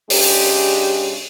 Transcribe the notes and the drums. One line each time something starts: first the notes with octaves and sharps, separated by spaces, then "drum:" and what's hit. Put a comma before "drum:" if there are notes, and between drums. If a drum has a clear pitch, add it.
C#3 G#3 D4 G4, drum: open hi-hat